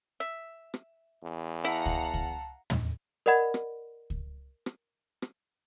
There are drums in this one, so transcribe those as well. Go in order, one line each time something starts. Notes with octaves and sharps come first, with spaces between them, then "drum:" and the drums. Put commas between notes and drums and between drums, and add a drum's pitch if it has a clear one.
E5
drum: rim click
E2
E4 F5 F#5 A5 A#5
drum: kick C#2
drum: kick C#2
drum: tom
A#4 D5 D#5 F#5 B5 G#6
drum: rim click
drum: kick C#2
drum: rim click
drum: rim click